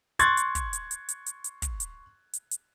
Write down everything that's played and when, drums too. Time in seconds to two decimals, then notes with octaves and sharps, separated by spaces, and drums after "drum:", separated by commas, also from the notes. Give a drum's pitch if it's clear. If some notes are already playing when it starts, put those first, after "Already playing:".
0.19 C6 C#6 F#6 G#6 A6, drum: hi-hat
0.37 drum: hi-hat
0.55 drum: kick, hi-hat
0.73 drum: hi-hat
0.91 drum: hi-hat
1.09 drum: hi-hat
1.26 drum: hi-hat
1.44 drum: hi-hat
1.62 drum: kick, hi-hat
1.80 drum: hi-hat
2.33 drum: hi-hat
2.51 drum: hi-hat